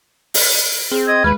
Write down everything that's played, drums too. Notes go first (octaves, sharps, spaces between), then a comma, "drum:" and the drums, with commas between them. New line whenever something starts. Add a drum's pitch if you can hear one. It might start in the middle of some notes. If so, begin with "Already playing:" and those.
drum: open hi-hat
C4 G#4
D#5 G#6
D#2 G#3 B4